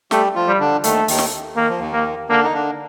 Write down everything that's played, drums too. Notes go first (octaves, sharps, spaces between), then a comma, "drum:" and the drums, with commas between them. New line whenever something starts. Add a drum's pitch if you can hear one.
G3 A3 G4, drum: snare
F3 F4
G3
D3 D4
D#2 D#3 A3, drum: hi-hat
D#2 D#3, drum: open hi-hat
drum: snare
D#3 A#3
F3
D#2 D#3
A#3
D3 A#3 D4
D#4
D3 D4